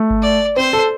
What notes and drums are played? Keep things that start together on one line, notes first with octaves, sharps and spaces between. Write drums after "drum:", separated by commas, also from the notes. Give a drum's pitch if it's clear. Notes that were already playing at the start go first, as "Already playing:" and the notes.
Already playing: A3
drum: kick G1
D5
C4 C5
A4